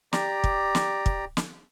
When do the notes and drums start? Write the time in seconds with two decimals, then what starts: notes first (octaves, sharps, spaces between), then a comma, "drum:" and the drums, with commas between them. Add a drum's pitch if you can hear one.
0.13 G4 D5 A#5, drum: snare
0.44 drum: kick
0.75 drum: snare
1.06 drum: kick
1.37 drum: snare